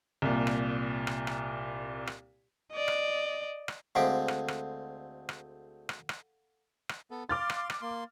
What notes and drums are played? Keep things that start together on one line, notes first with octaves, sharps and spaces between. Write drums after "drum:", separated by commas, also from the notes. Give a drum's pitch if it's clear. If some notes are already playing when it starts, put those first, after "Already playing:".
C2 A#2
drum: rim click
drum: rim click
drum: rim click
drum: rim click
D5 D#5
drum: rim click
drum: rim click
D2 G#3 C4 A4 F5 F#5
drum: rim click
drum: rim click
drum: rim click
drum: rim click
drum: rim click
drum: rim click
B3 A4
F5 C6 D6 F6 A6
drum: rim click
drum: rim click
A#3 C6